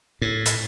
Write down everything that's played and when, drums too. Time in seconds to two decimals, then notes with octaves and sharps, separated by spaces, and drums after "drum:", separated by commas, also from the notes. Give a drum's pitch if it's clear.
0.22 A2
0.46 drum: hi-hat